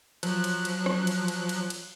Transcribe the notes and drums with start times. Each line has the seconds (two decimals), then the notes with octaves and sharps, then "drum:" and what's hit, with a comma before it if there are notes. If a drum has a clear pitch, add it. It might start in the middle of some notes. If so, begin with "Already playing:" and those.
0.23 F3 F#3 F#6, drum: cymbal
0.44 drum: cymbal
0.65 drum: cymbal
0.86 drum: rim click
1.07 drum: cymbal
1.28 drum: cymbal
1.49 drum: cymbal
1.70 drum: cymbal